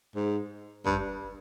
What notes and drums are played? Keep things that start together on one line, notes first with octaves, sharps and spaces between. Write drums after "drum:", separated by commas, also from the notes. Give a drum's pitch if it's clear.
G#2
G2, drum: kick